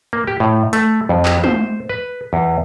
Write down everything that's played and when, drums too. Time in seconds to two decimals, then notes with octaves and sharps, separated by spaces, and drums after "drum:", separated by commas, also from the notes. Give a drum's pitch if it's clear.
0.13 A#3
0.27 G4
0.40 A2
0.73 A3, drum: hi-hat
1.09 F2
1.25 drum: clap
1.44 C5, drum: tom
1.89 B4
2.33 E2